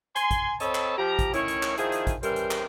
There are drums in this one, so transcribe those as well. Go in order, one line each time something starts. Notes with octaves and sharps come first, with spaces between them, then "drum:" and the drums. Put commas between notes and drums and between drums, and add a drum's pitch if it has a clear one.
G#5 C6, drum: hi-hat
drum: kick, hi-hat
C4 A4 C#5 D#5 A5 B5, drum: hi-hat
drum: clap
F3 G4 A#5
drum: kick, hi-hat
A2 D#3 C#4 E4 C#5, drum: hi-hat
drum: hi-hat
drum: clap
D#3 F3 E4 G#4, drum: hi-hat
drum: hi-hat
drum: kick, hi-hat
C#3 E3 G3 A#4 C5 G5, drum: hi-hat
drum: hi-hat
drum: clap